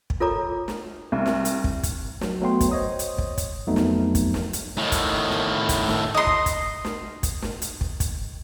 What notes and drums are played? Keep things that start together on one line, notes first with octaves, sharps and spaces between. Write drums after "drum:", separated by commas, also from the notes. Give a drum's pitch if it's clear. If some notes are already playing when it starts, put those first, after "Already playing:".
drum: kick
F4 A4 A#4 C#5 A#5 D6
drum: snare
C2
drum: snare
drum: hi-hat
drum: kick
drum: kick, hi-hat
F#3, drum: snare
F#3 A3 B3 G5 C6
drum: kick, hi-hat
C5 C#5 D#5 D#6
drum: hi-hat
drum: kick
drum: kick, hi-hat
F2 F#3 A3 B3 D#4
drum: snare
drum: kick, hi-hat
drum: snare
drum: hi-hat
A2 D#3
drum: kick, hi-hat
drum: snare
drum: kick, hi-hat
drum: snare
D#5 C6
drum: kick
drum: kick, hi-hat
drum: snare
drum: kick, hi-hat
drum: snare
drum: hi-hat
drum: kick
drum: kick, hi-hat